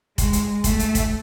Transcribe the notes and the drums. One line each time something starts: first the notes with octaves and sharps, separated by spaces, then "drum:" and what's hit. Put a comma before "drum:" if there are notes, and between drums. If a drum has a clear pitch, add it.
G#3, drum: kick F1, hi-hat
drum: hi-hat
A3, drum: kick F1, hi-hat
drum: hi-hat
drum: kick F1, hi-hat